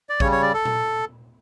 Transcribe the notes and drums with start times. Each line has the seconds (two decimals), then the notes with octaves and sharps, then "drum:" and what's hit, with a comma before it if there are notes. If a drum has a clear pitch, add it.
0.09 D5
0.20 C#3 G3 C#5, drum: kick A1
0.32 C#5
0.42 D5
0.54 A4
0.65 drum: tom A#2